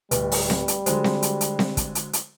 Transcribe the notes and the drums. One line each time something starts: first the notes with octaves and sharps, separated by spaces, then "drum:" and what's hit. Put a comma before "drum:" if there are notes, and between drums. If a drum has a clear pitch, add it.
D1 G3 B4, drum: hi-hat
drum: open hi-hat
drum: snare C4
drum: hi-hat
D3 F#3 G#3 C5, drum: hi-hat
drum: snare C4
drum: hi-hat
drum: hi-hat
drum: snare C4
drum: kick, hi-hat
drum: hi-hat
drum: hi-hat